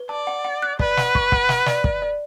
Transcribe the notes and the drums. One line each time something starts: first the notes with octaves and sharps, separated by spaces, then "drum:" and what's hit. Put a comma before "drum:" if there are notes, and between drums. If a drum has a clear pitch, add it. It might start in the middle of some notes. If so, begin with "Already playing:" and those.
Already playing: B4
D5 A5
F#5
F#5
F#6
B4 D5, drum: kick
F#5, drum: snare
C#6, drum: kick
F#5, drum: kick
F#5, drum: snare
D5, drum: snare
D5, drum: kick
D5